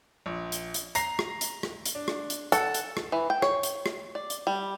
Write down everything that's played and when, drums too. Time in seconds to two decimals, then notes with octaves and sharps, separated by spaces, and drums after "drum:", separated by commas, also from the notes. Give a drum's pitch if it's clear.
0.26 A#1
0.52 drum: hi-hat
0.74 drum: hi-hat
0.95 A#5 A#6 C7, drum: hi-hat
1.19 drum: rim click
1.41 drum: hi-hat
1.63 drum: rim click
1.86 drum: hi-hat
1.95 D4
2.08 drum: rim click
2.30 drum: hi-hat
2.52 A4 F#5, drum: hi-hat
2.74 drum: hi-hat
2.97 drum: rim click
3.12 E3
3.30 G5
3.42 C#5, drum: rim click
3.63 drum: hi-hat
3.86 drum: rim click
4.15 D5
4.30 drum: hi-hat
4.47 G3